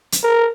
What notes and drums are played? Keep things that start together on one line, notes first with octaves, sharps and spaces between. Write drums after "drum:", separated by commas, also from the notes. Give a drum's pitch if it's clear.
drum: hi-hat
A#4